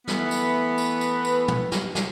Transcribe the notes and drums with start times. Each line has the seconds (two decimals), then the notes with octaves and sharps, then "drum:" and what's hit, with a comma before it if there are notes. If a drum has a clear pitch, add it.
0.07 E3 A3 B3, drum: snare
0.31 drum: tambourine
0.78 drum: tambourine
1.01 drum: tambourine
1.25 drum: tambourine
1.48 drum: tom
1.72 drum: snare
1.95 drum: snare